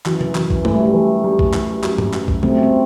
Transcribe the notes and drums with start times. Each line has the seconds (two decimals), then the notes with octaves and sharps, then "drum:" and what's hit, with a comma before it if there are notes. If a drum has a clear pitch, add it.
0.06 F#2 E3, drum: clap
0.21 drum: tom C3
0.35 F#2 E3, drum: clap
0.50 drum: kick B1
0.65 E3 A3, drum: tom
0.75 G3
0.86 A3
0.94 E3
1.24 G3
1.39 drum: kick B1
1.53 E3, drum: clap
1.84 F#2, drum: clap
1.98 drum: tom
2.13 F#2, drum: clap
2.28 drum: kick B1
2.43 G3 A3 C4, drum: tom C3
2.63 C4